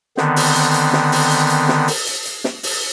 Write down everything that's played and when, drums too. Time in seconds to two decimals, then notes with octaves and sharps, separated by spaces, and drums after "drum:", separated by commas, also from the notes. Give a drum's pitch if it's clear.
0.17 D3 D#3 B3 C4, drum: snare
0.36 drum: open hi-hat
0.55 drum: hi-hat
0.74 drum: hi-hat
0.93 drum: snare
1.12 drum: open hi-hat
1.31 drum: hi-hat
1.50 drum: hi-hat
1.69 drum: snare
1.88 drum: open hi-hat
2.07 drum: hi-hat
2.25 drum: hi-hat
2.44 drum: snare
2.63 drum: open hi-hat